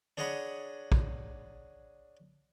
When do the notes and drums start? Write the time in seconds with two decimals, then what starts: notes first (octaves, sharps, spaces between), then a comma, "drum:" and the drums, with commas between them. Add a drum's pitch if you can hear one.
0.17 D4 G#4 C#5 D#5 F#5 B5
0.92 drum: kick